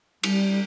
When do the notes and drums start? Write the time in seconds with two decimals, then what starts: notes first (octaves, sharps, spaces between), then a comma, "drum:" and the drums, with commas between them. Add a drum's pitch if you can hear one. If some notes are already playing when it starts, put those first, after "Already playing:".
0.23 G3, drum: cymbal